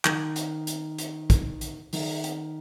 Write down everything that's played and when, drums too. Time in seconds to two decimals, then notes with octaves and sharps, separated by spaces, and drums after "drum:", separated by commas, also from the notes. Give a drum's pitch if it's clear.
0.05 D#3, drum: clap
0.36 drum: hi-hat
0.67 drum: hi-hat
0.98 drum: hi-hat
1.30 drum: kick, hi-hat
1.61 drum: hi-hat
1.93 D#3, drum: open hi-hat
2.24 drum: hi-hat